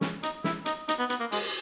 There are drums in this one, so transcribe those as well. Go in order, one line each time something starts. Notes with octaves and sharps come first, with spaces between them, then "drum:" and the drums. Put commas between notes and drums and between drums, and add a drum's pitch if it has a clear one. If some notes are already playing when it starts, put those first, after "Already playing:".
C#4, drum: snare
D#4, drum: hi-hat
E4, drum: snare
D#4, drum: hi-hat
D#4, drum: hi-hat
B3
B3, drum: hi-hat
A#3
G#3, drum: open hi-hat